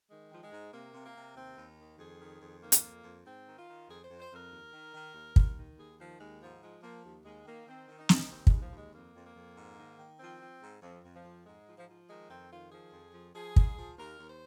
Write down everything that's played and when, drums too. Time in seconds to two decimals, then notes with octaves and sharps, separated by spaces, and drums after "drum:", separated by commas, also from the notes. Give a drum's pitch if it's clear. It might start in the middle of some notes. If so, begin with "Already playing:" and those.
0.10 D#3 G#3
0.31 D#3 F3
0.42 G#3
0.52 G#2
0.73 C3 A#3
0.94 C3
1.05 A#3
1.15 C3
1.36 D#2 C4
1.57 D#2
1.79 D#3
1.99 F2 G#4
2.20 D#3
2.42 F2
2.62 D#3 A#3
2.72 drum: hi-hat
2.83 F2
3.04 F2
3.25 G#2 C4
3.47 D#3
3.58 F4
3.67 D#3
3.89 F2 G#4
4.04 C5
4.10 F2
4.20 C5
4.31 F2 A#4
4.51 D#2
4.73 D#3
4.94 D#3
5.15 D#2
5.36 D#2, drum: kick
5.57 D#3
5.77 D#2 G#4
5.98 D#3 F3
6.20 D#2 G#3
6.41 G#2 F3
6.61 F3 G#3
6.83 F3 A#3
7.04 D#2
7.25 D#2 G#3
7.46 D#3 A#3
7.67 D#3 C4
7.88 D#3
7.99 D#4
8.09 D#3, drum: snare
8.31 D#2 C4
8.47 D#2 G#3, drum: kick
8.61 F3
8.72 D#2 G#3
8.94 F2 A#3
9.15 F2
9.25 A#3
9.36 F2
9.56 G#2
9.78 D#3
9.99 D#3
10.19 F3 C4
10.40 F3
10.62 G#2
10.82 F2
11.04 F2
11.15 F3
11.25 F2
11.46 G#2 G#3
11.67 F3
11.77 F3
11.88 F3
12.09 D#3 G#3
12.30 F2 C4
12.51 D#3 F4
12.71 F3 G#4
12.93 F2
13.14 F3
13.35 F3 G#4
13.56 G#2, drum: kick
13.78 F3
13.98 D#2 A#4
14.19 D#2
14.29 C5